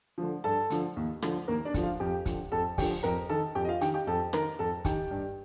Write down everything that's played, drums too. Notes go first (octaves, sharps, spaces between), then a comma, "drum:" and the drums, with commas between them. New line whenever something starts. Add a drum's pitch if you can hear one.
D3 F3
G2 A4 A5
D3 F3, drum: hi-hat
D#2
D3 F3, drum: rim click
D#2 A#3 A#4
D4 D5
D3 F3, drum: kick, hi-hat
F4 F5
F2 G4 G5
D3 F3, drum: kick, hi-hat
F2 A4 A5
D3 F3 G4 G5, drum: kick, open hi-hat
F2 A#4 A#5
D#3 A4 A5
F2 G4 G5
D#5
F4 F5
D#3 G4 G5, drum: hi-hat
G4 G5
F2 A4 A5
D#3 A#4 A#5, drum: rim click
F2 A4 A5
D#3 G4 G5, drum: kick, hi-hat
G2